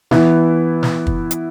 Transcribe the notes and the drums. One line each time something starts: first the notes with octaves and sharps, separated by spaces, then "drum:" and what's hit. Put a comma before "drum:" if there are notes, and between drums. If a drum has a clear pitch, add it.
E3 B3 E4, drum: snare
drum: snare
drum: kick
drum: hi-hat